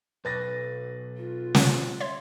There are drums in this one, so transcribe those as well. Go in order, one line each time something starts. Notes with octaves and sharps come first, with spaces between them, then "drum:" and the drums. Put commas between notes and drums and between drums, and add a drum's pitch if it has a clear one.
B1 B4 A6 A#6
F4
drum: snare
C#5 E5 C6